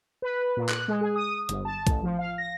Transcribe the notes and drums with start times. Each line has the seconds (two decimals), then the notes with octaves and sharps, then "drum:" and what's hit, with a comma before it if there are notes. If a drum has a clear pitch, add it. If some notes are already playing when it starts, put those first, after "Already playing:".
0.22 B4
0.57 A#2
0.69 F#6, drum: clap
0.88 G#3
1.01 G#4
1.16 D#6
1.49 G1, drum: hi-hat
1.65 A5
1.87 A1, drum: kick, hi-hat
2.03 F3
2.19 F5
2.38 A#6